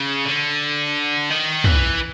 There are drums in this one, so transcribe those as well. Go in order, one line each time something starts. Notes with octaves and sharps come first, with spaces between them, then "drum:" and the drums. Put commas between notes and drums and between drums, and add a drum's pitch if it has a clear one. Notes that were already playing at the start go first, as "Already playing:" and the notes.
Already playing: C#3
D3
D#3
E3, drum: tom